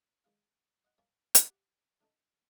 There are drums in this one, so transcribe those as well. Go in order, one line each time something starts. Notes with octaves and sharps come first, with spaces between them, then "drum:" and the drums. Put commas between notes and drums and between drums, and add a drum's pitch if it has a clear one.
D#3 G#3 F5
D#5 F#5
A#4 C#5 D5 E5 F5 G#5
drum: hi-hat
G4 E5 F#5 G5
D3 A3 C#4 D#4 A4